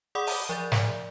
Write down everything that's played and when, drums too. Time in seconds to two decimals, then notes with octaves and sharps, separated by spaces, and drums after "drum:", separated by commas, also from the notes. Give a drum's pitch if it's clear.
0.15 G#4 D5 F#5 B5 D6 D#6
0.27 drum: open hi-hat
0.49 F3 D5 A6
0.72 drum: snare